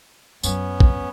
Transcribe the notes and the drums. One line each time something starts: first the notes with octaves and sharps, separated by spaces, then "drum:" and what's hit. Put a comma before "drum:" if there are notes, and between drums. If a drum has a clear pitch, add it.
F#2 F#3 B3 C#4, drum: tambourine
drum: kick